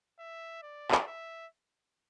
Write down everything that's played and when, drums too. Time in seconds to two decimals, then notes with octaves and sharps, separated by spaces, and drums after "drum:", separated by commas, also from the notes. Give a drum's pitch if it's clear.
0.19 E5
0.63 D5
0.91 drum: clap
1.07 E5